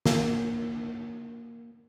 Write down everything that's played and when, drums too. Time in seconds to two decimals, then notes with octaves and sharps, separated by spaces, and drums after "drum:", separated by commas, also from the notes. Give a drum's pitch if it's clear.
0.06 A#3, drum: snare